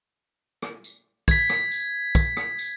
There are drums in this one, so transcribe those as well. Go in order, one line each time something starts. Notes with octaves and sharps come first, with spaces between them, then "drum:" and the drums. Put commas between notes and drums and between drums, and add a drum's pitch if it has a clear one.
drum: rim click
drum: tambourine
G#6 B6, drum: kick, tambourine
drum: rim click
drum: tambourine
drum: kick, tambourine
drum: rim click
drum: tambourine